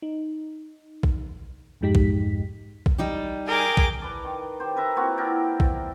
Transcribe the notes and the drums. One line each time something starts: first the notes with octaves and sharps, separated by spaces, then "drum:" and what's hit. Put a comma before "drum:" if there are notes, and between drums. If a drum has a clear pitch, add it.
D#4
drum: kick A#1
F2 G#2 G#3 D#4 G4 B6
drum: kick A#1
drum: kick A#1
G3 D#4 G4
G#4 A#4 G5 G#5 D6
drum: kick A#1
B4 D5 A5
D#3
G4 C5
A#4 B4 E5 A#5
A#3 C4 F4 F#4
D4 E4 A#4 G5
drum: kick A#1